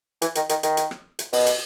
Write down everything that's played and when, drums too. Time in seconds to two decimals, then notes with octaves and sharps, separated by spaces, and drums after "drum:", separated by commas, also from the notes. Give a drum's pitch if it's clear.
0.22 E3, drum: hi-hat
0.35 D#3, drum: hi-hat
0.49 D#3, drum: hi-hat
0.63 D#3, drum: hi-hat
0.77 drum: hi-hat
0.91 drum: rim click
1.19 drum: hi-hat
1.33 B2, drum: open hi-hat
1.47 drum: hi-hat